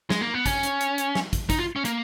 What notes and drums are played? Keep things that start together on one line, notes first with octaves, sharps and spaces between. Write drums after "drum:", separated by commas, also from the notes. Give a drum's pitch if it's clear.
G#3, drum: snare
A#3
B3
C#4, drum: kick, hi-hat
drum: hi-hat
drum: hi-hat
drum: hi-hat
drum: snare
drum: kick, hi-hat
D#4, drum: kick, hi-hat
F4
C#4
A#3, drum: hi-hat